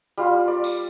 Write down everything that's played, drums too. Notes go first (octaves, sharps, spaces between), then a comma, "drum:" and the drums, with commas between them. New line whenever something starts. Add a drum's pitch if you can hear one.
G3 F4
D5
drum: tambourine